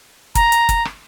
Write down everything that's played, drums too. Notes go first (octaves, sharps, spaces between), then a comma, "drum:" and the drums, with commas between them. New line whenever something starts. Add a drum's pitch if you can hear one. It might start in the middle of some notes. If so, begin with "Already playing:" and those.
A#5, drum: kick, hi-hat
drum: hi-hat
drum: kick, hi-hat
drum: rim click